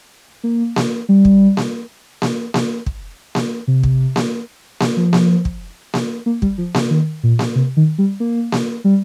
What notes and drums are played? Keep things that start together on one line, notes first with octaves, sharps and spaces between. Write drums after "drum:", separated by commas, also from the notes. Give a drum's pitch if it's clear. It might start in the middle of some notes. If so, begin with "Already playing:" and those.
A#3
drum: snare A#3
G3
drum: kick
drum: snare A#3
drum: snare A#3
drum: snare A#3
drum: kick
drum: snare A#3
C3
drum: kick
drum: snare A#3
drum: snare A#3
F3
drum: snare A#3
drum: kick
drum: snare A#3
A#3
G3, drum: kick
F3
C3, drum: snare A#3
D#3
A#2
drum: snare A#3
C3
D#3
G3
A#3
drum: snare A#3
G3